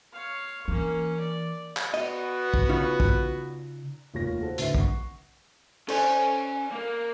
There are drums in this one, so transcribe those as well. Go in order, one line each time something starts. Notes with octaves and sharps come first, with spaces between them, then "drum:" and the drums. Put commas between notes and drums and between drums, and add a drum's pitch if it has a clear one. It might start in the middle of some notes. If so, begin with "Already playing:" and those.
C#5 F5
E3 A#3 C#4
D5
drum: clap
B3 F#4 D#5, drum: cymbal
drum: kick
C#3 D#4 F4
drum: kick
F1 D#2 F4 C#5 A#6
F#4 A4 C5
D1 D3 B4 E5 C7, drum: hi-hat
F#5 C#6, drum: kick
C#4 A4 C5 G#5, drum: cymbal
A#3 A#4